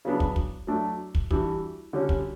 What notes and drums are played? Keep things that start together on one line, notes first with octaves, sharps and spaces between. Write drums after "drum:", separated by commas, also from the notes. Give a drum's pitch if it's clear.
C#3 F#3 B3 D4
drum: kick
drum: kick
F#3 A3 D4
drum: kick
E3 G3 D4 F#4, drum: kick
D3 G3 C#4 F#4
drum: kick